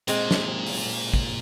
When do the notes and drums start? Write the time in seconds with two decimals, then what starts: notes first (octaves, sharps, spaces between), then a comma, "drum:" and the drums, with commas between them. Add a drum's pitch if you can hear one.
0.08 A#2 G#3 C4, drum: hi-hat
0.31 drum: snare
0.67 drum: open hi-hat
1.13 drum: kick